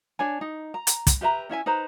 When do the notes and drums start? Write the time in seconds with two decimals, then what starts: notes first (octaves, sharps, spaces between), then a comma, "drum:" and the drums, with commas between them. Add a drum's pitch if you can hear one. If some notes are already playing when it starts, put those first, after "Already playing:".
0.19 D4 C#5 G#5
0.41 D#4
0.74 A#5
0.87 drum: hi-hat
1.07 drum: kick, hi-hat
1.21 G4 B4 E5 A#5
1.49 C#4 E4 E5 G#5
1.66 D#4 B4 C5 A#5